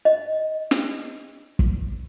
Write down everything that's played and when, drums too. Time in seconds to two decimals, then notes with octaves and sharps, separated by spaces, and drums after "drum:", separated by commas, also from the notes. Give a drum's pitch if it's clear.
0.05 D#5
0.71 drum: snare
1.59 drum: kick